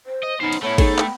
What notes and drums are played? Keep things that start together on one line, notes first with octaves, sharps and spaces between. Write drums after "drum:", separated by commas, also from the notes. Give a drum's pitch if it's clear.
C5
D#5
B3 C#4 D#4 C5
drum: cymbal
A3 B3 E4 C#5
A3 D#4 G#4 A4, drum: kick, cymbal
G5, drum: clap